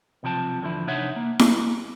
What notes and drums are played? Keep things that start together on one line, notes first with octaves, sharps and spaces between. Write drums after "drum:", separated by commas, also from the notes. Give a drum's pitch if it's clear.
B1 C3 F3 G5 A5
E2 D3 F3 E4
C3 D4 D#4 C#5 E5 F#5
A#3
A#3, drum: snare E4